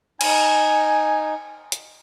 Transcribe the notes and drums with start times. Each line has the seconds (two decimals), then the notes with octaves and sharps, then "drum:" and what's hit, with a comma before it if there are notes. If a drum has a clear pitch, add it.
0.21 D#4 G#5, drum: cymbal
1.72 drum: hi-hat